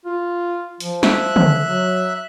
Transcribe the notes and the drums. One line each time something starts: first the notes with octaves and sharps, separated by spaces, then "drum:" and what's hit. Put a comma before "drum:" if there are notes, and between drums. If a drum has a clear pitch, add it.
F4
F3, drum: hi-hat
E5 F#6, drum: snare
drum: tom
F#3